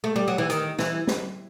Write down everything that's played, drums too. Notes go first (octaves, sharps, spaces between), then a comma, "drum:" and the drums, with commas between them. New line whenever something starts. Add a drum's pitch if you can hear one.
A3
G3
F#3
E3
D#3, drum: hi-hat
E3, drum: snare
drum: snare